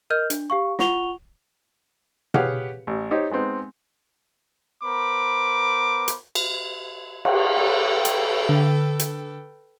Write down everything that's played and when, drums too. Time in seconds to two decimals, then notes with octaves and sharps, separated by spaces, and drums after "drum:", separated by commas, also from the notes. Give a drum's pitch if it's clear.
0.10 A#4 D#5 F6 G6
0.30 D4, drum: hi-hat
0.50 G4 F5 C#6
0.79 F4 F#5 C#6 F7 G7, drum: snare
2.34 G4 G#4 B4 C#5 F5 F#5, drum: tom B2
2.87 A1
3.11 D#4 G4 C5 C#5 D#5
3.31 G#3 B3 C4 D#4
4.83 B3 A#4 C5 B5 D6
6.08 drum: hi-hat
6.35 drum: cymbal
7.25 drum: cymbal
7.55 A4 B4 G5
8.05 drum: hi-hat
8.49 D3
8.99 drum: hi-hat